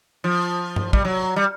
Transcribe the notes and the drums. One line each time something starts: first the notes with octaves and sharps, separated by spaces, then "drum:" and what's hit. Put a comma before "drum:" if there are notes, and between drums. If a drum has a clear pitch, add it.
F3
drum: tom G2
G3, drum: kick
F#3
G3